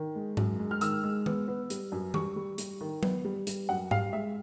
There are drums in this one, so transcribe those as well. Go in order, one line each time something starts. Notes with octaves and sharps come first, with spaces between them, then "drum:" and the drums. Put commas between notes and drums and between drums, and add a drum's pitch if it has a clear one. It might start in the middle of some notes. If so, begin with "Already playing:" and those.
Already playing: D#3
G#3
F#2, drum: tom G#2
G#3
F6
D#3 E6, drum: hi-hat
G#3
B3, drum: tom D#3
B3
G3, drum: hi-hat
F#2
G3 C#6, drum: tom D#3
G3
G3, drum: hi-hat
D#3
B3, drum: tom F#3
G3
G3, drum: hi-hat
F#2 F#5
G3 F5, drum: tom G#2
G#3 E5